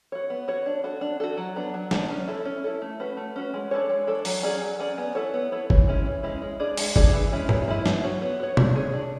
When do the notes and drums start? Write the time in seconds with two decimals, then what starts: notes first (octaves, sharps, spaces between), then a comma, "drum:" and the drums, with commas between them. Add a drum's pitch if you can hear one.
0.12 F#4 C#5
0.30 B3
0.48 F#4 C#5
0.66 D4
0.84 F#4 A4
1.01 D4
1.20 F#4 A4
1.37 F#3
1.56 B3 D4
1.74 F#3
1.91 B3 D4, drum: snare
2.10 C#4
2.28 E4 A4
2.45 C#4
2.64 E4 A4
2.82 A3
3.00 C#4 F#4 B4
3.17 A3
3.36 C#4 F#4 B4
3.54 G#3
3.71 D4 A4 C#5
3.90 G#3
4.07 D4 A4 C#5
4.25 F#3, drum: open hi-hat
4.43 C#4 G#4 D5
4.61 F#3
4.80 C#4 G#4 D5
4.98 B3
5.15 E4 A4 C#5
5.34 B3
5.52 E4 A4 C#5
5.70 E3, drum: kick
5.87 G#3 C#4 E4
6.06 E3
6.23 G#3 C#4 E4
6.42 G#3
6.60 D4 G#4 D5
6.77 G#3, drum: open hi-hat
6.96 D4 G#4 D5, drum: kick
7.13 E3
7.32 G#3 C#4 E4
7.49 E3, drum: tom G2
7.68 G#3 C#4 E4
7.86 B3, drum: snare
8.04 F#4 C#5
8.22 B3
8.40 F#4 C#5
8.57 D4, drum: tom B2
8.76 G#4 C#5
8.93 D4